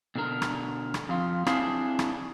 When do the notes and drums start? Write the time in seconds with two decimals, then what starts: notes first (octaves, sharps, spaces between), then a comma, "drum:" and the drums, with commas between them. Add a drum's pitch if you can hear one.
0.15 B2 D3 D4 A#4
0.42 drum: rim click
0.94 drum: rim click
1.09 F2 F4
1.46 C4 D4 E4 G#4 C5 F5, drum: rim click
1.99 drum: rim click